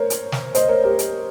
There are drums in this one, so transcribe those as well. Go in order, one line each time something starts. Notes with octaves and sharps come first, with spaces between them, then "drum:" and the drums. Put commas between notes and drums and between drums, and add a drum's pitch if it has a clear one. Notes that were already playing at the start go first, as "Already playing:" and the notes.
Already playing: A#4 C5 C#5
drum: hi-hat
drum: snare
C5 D#5, drum: hi-hat
A#4 C#5
G4 A#4
drum: hi-hat